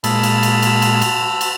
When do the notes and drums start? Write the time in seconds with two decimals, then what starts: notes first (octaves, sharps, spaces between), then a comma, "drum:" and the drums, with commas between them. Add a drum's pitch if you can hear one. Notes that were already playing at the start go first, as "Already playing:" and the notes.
0.04 A#2 G#3 A5 B5 E6, drum: cymbal
0.23 drum: cymbal
0.43 drum: cymbal
0.62 drum: cymbal
0.82 drum: cymbal
1.02 drum: cymbal
1.41 drum: cymbal